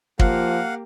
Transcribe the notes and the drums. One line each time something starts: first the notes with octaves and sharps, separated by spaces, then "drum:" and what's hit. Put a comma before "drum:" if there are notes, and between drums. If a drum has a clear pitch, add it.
F3 A#3 G4 F5 F#5, drum: kick